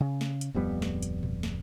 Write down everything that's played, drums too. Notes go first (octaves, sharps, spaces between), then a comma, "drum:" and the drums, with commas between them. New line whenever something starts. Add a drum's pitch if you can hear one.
C#3
drum: snare
drum: hi-hat
D1 F2 G3 B3
drum: snare
drum: hi-hat
drum: tom A#2
drum: snare